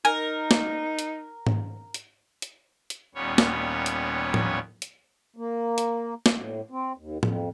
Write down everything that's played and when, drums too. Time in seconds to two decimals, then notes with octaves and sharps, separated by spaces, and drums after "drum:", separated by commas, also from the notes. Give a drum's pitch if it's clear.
0.05 D#4 A#4 G#5
0.51 drum: snare
0.99 drum: hi-hat
1.47 drum: tom G#2
1.94 drum: hi-hat
2.42 drum: hi-hat
2.90 drum: hi-hat
3.15 D#2 A#2 G3 B3 C#4 C#5
3.38 drum: snare
3.86 drum: hi-hat
4.34 drum: tom A2
4.82 drum: hi-hat
5.36 A#3
5.78 drum: hi-hat
6.26 drum: snare
6.36 A2
6.70 C4
6.98 D#2
7.23 F2, drum: tom A2